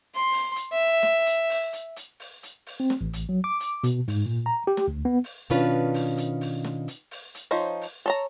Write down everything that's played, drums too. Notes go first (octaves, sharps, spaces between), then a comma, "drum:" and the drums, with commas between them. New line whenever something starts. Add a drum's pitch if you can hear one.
C6
drum: open hi-hat
drum: hi-hat
E5
drum: snare
drum: hi-hat
drum: open hi-hat
drum: hi-hat
drum: hi-hat
drum: open hi-hat
drum: hi-hat
drum: open hi-hat
C4
drum: snare
A1
drum: hi-hat
F#3
D6
drum: hi-hat
B2, drum: hi-hat
G#2, drum: open hi-hat
A#2
A#5
G4
drum: snare
D2
B3
drum: open hi-hat
B2 D#3 C#4 D4 F4 B4, drum: hi-hat
drum: open hi-hat
drum: hi-hat
drum: open hi-hat
drum: snare
drum: hi-hat
drum: open hi-hat
drum: hi-hat
F3 D#4 C5 C#5
drum: open hi-hat
A4 C#5 A#5